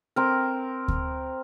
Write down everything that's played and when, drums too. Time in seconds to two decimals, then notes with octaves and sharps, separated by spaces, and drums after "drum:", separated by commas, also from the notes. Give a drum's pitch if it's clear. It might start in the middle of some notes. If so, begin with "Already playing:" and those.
0.16 C4 A#4
0.88 drum: kick D2